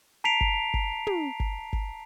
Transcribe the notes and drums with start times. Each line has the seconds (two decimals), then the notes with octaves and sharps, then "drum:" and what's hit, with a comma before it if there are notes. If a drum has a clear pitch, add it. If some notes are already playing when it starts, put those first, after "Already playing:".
0.24 A5 A#5 B6 C7 D7 F7
0.41 drum: kick G1
0.74 drum: kick G1
1.07 drum: tom
1.40 drum: kick G1
1.73 drum: kick G1